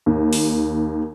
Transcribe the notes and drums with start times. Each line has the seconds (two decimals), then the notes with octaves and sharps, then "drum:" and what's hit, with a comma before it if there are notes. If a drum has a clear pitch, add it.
0.06 D#2
0.33 drum: open hi-hat